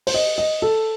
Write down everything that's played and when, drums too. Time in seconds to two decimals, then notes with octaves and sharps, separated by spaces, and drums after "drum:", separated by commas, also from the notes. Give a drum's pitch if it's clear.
0.07 C5, drum: open hi-hat
0.14 D#5
0.38 D#5
0.62 A4